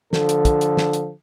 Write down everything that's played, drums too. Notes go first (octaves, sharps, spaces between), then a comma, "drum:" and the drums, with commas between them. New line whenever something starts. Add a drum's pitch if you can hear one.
D3 F3 A4, drum: snare
drum: hi-hat
drum: kick, hi-hat
drum: hi-hat
drum: snare
drum: hi-hat